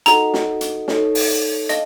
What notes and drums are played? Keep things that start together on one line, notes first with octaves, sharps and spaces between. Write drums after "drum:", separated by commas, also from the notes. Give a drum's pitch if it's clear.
D#4 F#4 A4 D#5 F#5 A#5, drum: hi-hat
drum: snare
drum: hi-hat
D#4 A4 C#5, drum: snare
drum: open hi-hat
D#5 F5 A5, drum: hi-hat